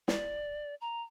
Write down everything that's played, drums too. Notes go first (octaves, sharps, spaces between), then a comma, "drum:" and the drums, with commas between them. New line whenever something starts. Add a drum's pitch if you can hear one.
D5, drum: snare
A#5